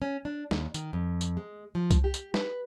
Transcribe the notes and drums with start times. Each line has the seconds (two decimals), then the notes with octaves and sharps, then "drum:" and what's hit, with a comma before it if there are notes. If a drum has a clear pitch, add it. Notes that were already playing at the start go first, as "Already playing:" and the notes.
0.02 C#4
0.25 D4
0.51 D#2, drum: snare
0.74 D#3, drum: tambourine
0.93 F2
1.21 drum: tambourine
1.37 G#3
1.75 F3
1.91 drum: kick C2, tambourine
2.04 G4
2.14 drum: tambourine
2.34 B4, drum: snare